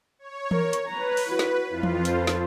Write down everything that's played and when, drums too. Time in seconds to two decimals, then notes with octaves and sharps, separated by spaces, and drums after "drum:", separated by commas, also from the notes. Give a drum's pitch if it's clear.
0.19 C#5
0.51 A#4, drum: tom E3
0.73 drum: hi-hat
0.88 B4 A#5
1.17 drum: open hi-hat
1.26 E4 F#4
1.39 drum: snare
1.70 F2 E4 F4
1.83 drum: tom E3
2.05 A4 C5, drum: hi-hat
2.27 drum: snare